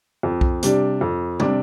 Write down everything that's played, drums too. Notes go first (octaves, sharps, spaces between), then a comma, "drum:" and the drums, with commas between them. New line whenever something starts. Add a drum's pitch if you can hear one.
F2
drum: kick B1
C3 G3 D4, drum: hi-hat
F2
C3 G3 D4, drum: tom